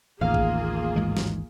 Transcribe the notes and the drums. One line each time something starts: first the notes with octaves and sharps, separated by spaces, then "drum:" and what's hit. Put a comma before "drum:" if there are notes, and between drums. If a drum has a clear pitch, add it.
A1 D#2 A#3 F4 G#4 F5
drum: kick A#1
G#2 E3 G#3
drum: snare